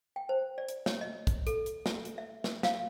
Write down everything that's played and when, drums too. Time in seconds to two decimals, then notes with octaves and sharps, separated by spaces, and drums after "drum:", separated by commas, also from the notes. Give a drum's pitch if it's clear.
0.16 G5
0.29 C5
0.58 D5
0.68 drum: hi-hat
0.86 C#5, drum: snare
1.01 D#5
1.27 drum: kick, hi-hat
1.47 A4, drum: hi-hat
1.66 drum: hi-hat
1.86 drum: snare
2.05 drum: hi-hat
2.18 E5
2.44 drum: snare
2.63 F5, drum: snare